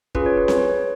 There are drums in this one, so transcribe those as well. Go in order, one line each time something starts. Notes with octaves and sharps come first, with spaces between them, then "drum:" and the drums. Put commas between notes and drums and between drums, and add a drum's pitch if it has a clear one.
C#4 F4 G#4 B4, drum: kick
C#5
B4
C#5, drum: snare C4
B4
C#5